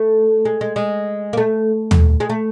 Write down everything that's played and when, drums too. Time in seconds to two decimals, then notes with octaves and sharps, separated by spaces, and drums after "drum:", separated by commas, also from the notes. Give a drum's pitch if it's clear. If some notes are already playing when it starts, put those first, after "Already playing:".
Already playing: A3
0.45 G#3
0.61 G#3
0.76 G#3
1.33 A#3
1.37 A3
1.91 drum: tom
2.20 G#3
2.30 A3